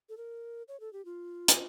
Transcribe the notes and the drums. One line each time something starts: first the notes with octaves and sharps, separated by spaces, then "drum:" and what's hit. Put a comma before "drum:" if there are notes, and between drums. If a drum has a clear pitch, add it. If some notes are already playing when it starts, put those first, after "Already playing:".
A4
A#4
C#5
A4
G4
F4
drum: hi-hat